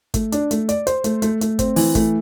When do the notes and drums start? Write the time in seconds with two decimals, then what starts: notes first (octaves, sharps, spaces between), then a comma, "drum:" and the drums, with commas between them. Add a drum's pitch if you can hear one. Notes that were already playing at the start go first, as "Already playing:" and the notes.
0.14 A3, drum: kick, hi-hat
0.32 D4, drum: hi-hat
0.51 A3, drum: hi-hat
0.69 D5, drum: hi-hat
0.87 C5, drum: hi-hat
1.04 A3, drum: hi-hat
1.22 A3, drum: hi-hat
1.41 A3, drum: hi-hat
1.59 C4, drum: kick, hi-hat
1.76 E3, drum: open hi-hat
1.95 A3, drum: kick, hi-hat